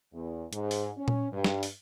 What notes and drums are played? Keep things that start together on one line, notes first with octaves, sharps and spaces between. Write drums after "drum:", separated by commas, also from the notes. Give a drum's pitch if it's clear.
E2
G#2, drum: hi-hat
drum: open hi-hat
C#4
drum: tom A#2
G2
drum: snare
drum: open hi-hat